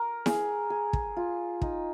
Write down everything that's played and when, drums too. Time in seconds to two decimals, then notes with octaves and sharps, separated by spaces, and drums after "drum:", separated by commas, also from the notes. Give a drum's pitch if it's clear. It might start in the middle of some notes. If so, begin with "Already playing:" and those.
Already playing: A#4
0.26 G#4, drum: snare E4
0.70 G#4
0.93 drum: kick
1.17 F4
1.62 D#4, drum: kick